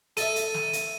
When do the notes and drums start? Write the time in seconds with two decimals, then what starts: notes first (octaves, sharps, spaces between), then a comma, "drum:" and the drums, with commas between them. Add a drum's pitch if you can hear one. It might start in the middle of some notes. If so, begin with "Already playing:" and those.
0.17 A4 E5 D#7, drum: hi-hat
0.36 drum: hi-hat
0.54 drum: snare
0.73 drum: hi-hat